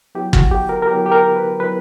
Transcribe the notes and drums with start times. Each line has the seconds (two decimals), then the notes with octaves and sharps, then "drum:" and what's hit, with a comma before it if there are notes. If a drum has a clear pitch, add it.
0.15 F#3 B3 E4 G4
0.33 F#4, drum: kick
0.51 G4
0.69 A#4
0.82 A#4
0.87 F#3 B3 E4 G4
1.06 G4
1.12 A#4
1.36 B4
1.60 F#3 B3 E4 B4